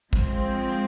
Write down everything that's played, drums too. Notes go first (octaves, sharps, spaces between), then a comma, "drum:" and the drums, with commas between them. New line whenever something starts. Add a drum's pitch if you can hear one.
F3 G#3 C4, drum: kick